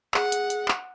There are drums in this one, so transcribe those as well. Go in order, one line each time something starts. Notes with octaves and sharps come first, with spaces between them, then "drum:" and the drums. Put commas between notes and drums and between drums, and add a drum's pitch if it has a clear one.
G#4 F#5, drum: clap
drum: hi-hat
drum: hi-hat
drum: clap